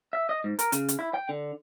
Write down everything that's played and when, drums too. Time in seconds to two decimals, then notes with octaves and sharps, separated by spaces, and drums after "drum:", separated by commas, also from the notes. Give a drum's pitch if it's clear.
0.13 E5
0.29 D#5
0.44 G#2
0.59 A#4, drum: hi-hat
0.72 C#3, drum: hi-hat
0.88 drum: hi-hat
0.99 E4
1.14 G5
1.29 D3